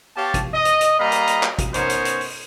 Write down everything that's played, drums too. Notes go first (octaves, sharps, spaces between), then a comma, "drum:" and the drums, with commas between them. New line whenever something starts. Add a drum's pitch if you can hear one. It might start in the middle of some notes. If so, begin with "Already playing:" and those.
B3 G4 C#5 F5 A5
drum: kick, hi-hat
D#5
drum: hi-hat
drum: hi-hat
G3 A#3 D#5 F5 A#5 B5
drum: hi-hat
drum: hi-hat
drum: clap
drum: kick, hi-hat
B3 C#4 D#4 A#4 C5 C#5, drum: hi-hat
drum: hi-hat
drum: hi-hat
drum: open hi-hat